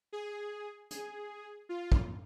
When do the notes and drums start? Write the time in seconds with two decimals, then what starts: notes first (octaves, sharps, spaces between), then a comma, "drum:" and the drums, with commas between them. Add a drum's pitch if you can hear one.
0.12 G#4
0.91 G#4, drum: hi-hat
1.69 F4
1.92 drum: kick